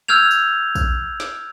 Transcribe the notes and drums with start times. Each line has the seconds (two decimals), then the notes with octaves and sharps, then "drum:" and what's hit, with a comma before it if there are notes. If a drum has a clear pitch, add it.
0.08 E6 F6 G6 G#6 F7
0.31 drum: tambourine
0.75 drum: kick, tambourine
1.20 drum: snare